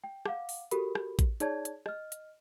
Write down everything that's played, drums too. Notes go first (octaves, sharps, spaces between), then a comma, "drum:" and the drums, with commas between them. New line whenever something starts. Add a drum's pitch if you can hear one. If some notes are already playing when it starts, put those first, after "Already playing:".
G5
F5 F#5 D6, drum: rim click
drum: open hi-hat
F#4 G4 A4 A#4 B5, drum: hi-hat
drum: rim click
drum: kick A1, hi-hat
D#4 G#4 C#5 D5 A5 G#6, drum: hi-hat
drum: hi-hat
D#5 F6, drum: rim click
drum: hi-hat